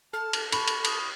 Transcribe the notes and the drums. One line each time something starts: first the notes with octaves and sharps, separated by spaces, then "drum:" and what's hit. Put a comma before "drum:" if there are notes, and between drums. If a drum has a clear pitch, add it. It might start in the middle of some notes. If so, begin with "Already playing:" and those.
A4 A5 F6
drum: cymbal
A5 B5 C#6, drum: cymbal
drum: cymbal
D#6, drum: cymbal